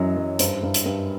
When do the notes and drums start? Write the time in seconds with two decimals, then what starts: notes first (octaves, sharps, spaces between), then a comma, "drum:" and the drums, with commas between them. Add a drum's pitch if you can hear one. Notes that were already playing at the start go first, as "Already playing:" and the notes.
Already playing: F#2 E3 F#3 D#5
0.17 F#2
0.39 G2 C5, drum: hi-hat
0.63 G2
0.74 drum: hi-hat
0.86 G2